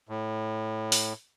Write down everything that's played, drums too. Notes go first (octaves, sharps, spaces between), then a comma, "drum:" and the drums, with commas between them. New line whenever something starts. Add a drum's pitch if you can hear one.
A2
drum: open hi-hat